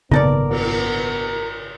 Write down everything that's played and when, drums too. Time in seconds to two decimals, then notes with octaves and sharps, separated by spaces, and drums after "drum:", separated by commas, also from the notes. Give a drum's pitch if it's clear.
0.11 G#1 F#2 A#2 B3 D#4 A4 A#4 D5, drum: tom C#3
0.50 drum: cymbal